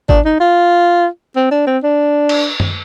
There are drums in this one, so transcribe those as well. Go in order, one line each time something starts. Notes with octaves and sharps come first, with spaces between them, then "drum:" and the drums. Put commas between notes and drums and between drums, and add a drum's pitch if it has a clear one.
D4, drum: kick
D#4
F4
C4
D4
C4
D4
drum: cymbal
drum: tom F#2